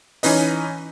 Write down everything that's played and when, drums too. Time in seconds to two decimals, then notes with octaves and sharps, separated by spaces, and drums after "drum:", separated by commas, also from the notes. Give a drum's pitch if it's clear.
0.23 E3 C#4 D#4 B4 D#5, drum: open hi-hat